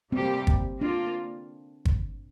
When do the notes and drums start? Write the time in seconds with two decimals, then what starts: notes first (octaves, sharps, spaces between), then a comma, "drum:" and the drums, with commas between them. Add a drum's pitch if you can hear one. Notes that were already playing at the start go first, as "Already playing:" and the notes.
0.12 C3 G3 A#3 C4 G4
0.47 drum: kick
0.81 A#3 D4 F4 D5
1.85 drum: kick